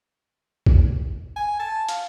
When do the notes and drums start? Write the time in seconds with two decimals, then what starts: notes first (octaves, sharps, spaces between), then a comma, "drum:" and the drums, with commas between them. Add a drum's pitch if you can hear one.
0.66 drum: kick
1.36 G#5
1.59 A5
1.89 F5, drum: hi-hat